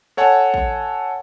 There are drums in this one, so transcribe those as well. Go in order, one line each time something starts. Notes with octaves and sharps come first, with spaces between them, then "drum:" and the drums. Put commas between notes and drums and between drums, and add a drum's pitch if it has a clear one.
A4 C#5 F#5 G#5 A5
drum: kick